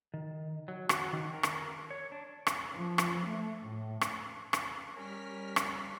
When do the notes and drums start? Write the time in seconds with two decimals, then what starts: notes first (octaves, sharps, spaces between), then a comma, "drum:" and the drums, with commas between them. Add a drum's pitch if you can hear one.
0.14 D#3
0.68 F#3
0.89 F#4, drum: rim click
1.13 D#3
1.33 A#4
1.43 drum: rim click
1.90 C#5
2.12 D4
2.47 drum: rim click
2.72 F3
2.98 drum: rim click
3.25 A3
3.62 A2
4.01 drum: rim click
4.53 drum: rim click
4.95 G3 C#4 A#4 F6 B6
5.56 drum: rim click